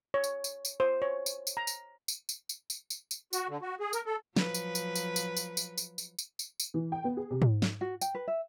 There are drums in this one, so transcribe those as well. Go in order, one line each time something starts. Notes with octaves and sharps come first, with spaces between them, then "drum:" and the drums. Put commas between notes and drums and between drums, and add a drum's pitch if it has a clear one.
C#5
drum: tambourine
drum: tambourine
drum: tambourine
C5
C#5
drum: tambourine
drum: tambourine
A#5
drum: tambourine
drum: tambourine
drum: tambourine
drum: tambourine
drum: tambourine
drum: tambourine
drum: tambourine
F#4, drum: tambourine
D3
F#4
G#4
A#4, drum: tambourine
A4
F3 F#3 B4, drum: snare
drum: tambourine
drum: tambourine
drum: tambourine
drum: tambourine
drum: tambourine
drum: tambourine
drum: tambourine
drum: tambourine
drum: tambourine
drum: tambourine
drum: tambourine
E3
G5
B3
G#4
C3
drum: tom G#2
drum: snare
F#4
G5, drum: tambourine
B4
E5